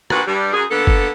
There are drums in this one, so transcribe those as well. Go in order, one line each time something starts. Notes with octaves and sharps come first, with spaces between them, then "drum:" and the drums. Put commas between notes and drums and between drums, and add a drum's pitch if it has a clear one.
D2 G2 A#2 F#4 B4 F#5, drum: rim click
G2 G3
F#2 G#4
D3 A#3 B3 A4
drum: kick